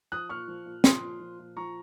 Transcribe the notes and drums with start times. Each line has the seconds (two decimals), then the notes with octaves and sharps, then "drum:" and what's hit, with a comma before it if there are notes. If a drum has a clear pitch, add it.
0.12 F3 D#6 F#6
0.29 A#2 C#6 F6
0.48 F3
0.66 A#2
0.84 F3 C6 D#6, drum: snare
1.02 A#2
1.20 F3
1.39 A#2
1.57 F3 A#5 C#6